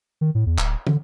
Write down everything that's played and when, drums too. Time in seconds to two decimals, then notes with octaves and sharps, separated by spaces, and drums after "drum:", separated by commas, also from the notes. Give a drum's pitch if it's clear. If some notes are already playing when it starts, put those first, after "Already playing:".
0.21 D#3
0.35 A2
0.46 E2
0.58 D1, drum: clap
0.87 D3, drum: tom